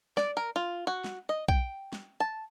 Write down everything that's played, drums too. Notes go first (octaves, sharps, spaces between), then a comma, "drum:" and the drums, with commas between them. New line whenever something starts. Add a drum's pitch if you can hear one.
D5, drum: snare
A#4
F4
F#4
drum: snare
D#5
G5, drum: kick B1
drum: snare
A5